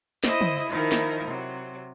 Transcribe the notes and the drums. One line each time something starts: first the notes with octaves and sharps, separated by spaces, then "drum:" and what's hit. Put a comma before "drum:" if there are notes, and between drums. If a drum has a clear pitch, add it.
E4 C5 D#5 D#6, drum: snare
drum: tom
D#3 F3 D#4 E4 A#4
drum: snare
C3 F#3